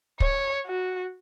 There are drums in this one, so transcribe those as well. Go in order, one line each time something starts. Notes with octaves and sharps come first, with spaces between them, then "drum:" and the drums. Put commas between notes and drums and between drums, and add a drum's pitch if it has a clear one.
C#5, drum: kick
F#4